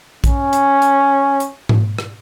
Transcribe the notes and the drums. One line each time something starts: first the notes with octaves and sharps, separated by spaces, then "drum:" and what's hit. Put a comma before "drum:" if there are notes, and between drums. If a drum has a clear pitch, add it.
C#4, drum: kick A#1, hi-hat
drum: hi-hat
drum: hi-hat
drum: hi-hat
drum: tom G#2
drum: rim click